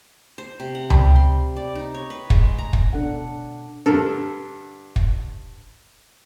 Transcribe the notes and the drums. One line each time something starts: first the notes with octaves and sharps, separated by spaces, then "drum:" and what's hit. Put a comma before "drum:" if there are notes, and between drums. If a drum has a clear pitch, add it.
C5
C3
F#5
G3, drum: tom C#2
C6
D5
D#4
C#5
B4
G#3, drum: kick
A#5
drum: kick
B2 D4 A4 F#5
G2 D3 A4 A#4
drum: kick